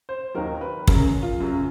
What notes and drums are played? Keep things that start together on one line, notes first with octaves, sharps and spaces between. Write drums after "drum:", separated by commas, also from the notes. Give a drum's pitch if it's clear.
C5
D#2 D#3 F#3 A#4
B4
F#2 C#3 F#3 A#4, drum: kick
F4
F#2 C#3 F#3